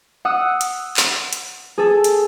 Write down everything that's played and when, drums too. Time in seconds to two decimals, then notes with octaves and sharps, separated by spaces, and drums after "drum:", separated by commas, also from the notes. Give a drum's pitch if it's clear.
0.25 F#5 D#6 E6
0.61 drum: hi-hat
0.97 drum: clap
1.33 drum: hi-hat
1.78 G#4 A4
2.04 drum: hi-hat